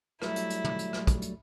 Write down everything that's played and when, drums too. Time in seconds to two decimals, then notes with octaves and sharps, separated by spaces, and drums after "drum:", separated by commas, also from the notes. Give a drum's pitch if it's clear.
0.22 F#3 G3 A3 E4, drum: rim click
0.36 drum: hi-hat
0.50 drum: hi-hat
0.65 drum: tom
0.79 drum: hi-hat
0.93 drum: rim click
1.07 drum: kick, hi-hat
1.22 drum: hi-hat